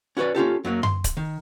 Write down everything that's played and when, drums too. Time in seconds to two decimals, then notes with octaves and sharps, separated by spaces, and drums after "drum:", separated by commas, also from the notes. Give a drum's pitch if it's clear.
0.17 C#4 F#4 A4 B4 D5
0.35 C#4 F4 G4 A4
0.65 F#2 F#3 A3 A#3
0.83 C6, drum: tom F#2
1.04 drum: kick C#1, hi-hat
1.17 D#3